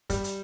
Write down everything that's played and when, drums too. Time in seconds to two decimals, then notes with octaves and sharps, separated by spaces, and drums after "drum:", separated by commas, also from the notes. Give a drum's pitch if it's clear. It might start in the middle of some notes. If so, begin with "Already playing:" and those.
0.10 G3, drum: kick, hi-hat
0.24 drum: hi-hat